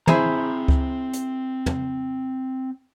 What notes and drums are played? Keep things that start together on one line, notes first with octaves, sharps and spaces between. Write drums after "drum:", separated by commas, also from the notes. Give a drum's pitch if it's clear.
C4 E4 G#4 C5 A#5, drum: tom
drum: kick C#2
drum: hi-hat
drum: tom